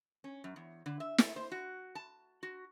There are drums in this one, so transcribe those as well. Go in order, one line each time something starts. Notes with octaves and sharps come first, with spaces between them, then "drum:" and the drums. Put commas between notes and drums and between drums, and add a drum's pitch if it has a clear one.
C#4
F#2
E2
D3
E5
A3, drum: snare
C5
F#4
A5
F#4